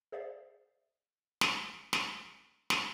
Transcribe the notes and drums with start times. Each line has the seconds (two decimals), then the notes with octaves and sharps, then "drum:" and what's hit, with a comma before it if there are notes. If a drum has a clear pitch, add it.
0.12 G#4 C5 D5 E5 F5
1.41 drum: snare
1.93 drum: snare
2.70 drum: snare